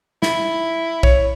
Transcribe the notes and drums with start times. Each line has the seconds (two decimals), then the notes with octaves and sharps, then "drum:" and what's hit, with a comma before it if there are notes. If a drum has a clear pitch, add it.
0.23 E4, drum: snare
1.03 C#5, drum: kick B1